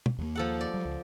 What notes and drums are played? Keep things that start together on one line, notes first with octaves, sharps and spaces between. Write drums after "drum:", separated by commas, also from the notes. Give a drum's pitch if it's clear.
drum: tom
D#2 G3 A#3
F3 A4 F#5
D5
F#3 G3
C#2